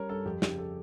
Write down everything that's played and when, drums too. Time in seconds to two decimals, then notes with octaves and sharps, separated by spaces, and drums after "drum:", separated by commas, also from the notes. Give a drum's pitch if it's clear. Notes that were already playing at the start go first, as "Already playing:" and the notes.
Already playing: G3 C#4 A#4 C#5
0.09 G2 A4
0.25 F2 G4
0.42 C#3 G4, drum: snare
0.58 A4